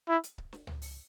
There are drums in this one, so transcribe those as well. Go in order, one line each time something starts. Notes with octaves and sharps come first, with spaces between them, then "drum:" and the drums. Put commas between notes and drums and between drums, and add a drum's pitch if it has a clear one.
E4
drum: hi-hat
drum: kick C#1
drum: snare
drum: tom C#2
drum: open hi-hat